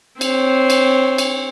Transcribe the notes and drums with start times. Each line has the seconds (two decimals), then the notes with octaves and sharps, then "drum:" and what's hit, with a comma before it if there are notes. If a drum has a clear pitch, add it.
0.21 C4 C5 C#5, drum: cymbal
0.70 drum: cymbal
1.18 drum: cymbal